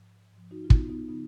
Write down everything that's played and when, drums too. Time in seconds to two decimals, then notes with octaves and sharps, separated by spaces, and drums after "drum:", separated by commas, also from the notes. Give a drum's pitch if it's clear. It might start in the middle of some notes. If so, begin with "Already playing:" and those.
Already playing: G#2 F3
0.33 G#2 F3
0.51 D#4 F#4
0.64 F4
0.70 B3 D#4, drum: kick
0.89 B3 D#4
1.09 C#3 F3 B3 D#4